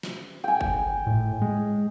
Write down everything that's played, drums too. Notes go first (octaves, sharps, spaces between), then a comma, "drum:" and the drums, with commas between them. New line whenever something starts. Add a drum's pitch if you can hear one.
drum: snare
G5 G#5
drum: kick G1
A2
G#3